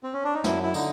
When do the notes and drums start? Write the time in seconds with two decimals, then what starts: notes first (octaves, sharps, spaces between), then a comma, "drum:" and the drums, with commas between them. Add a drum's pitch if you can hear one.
0.03 C4
0.13 C#4
0.24 D4
0.34 D#4
0.44 F#2 E4, drum: snare
0.63 E4
0.74 D3 D#4, drum: tambourine